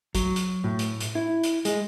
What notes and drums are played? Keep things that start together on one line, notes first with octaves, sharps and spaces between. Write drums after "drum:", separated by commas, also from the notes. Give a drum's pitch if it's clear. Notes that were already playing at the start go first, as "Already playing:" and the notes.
F#3, drum: kick, hi-hat
drum: hi-hat
A2
drum: hi-hat
drum: hi-hat
E4
drum: hi-hat
G#3, drum: hi-hat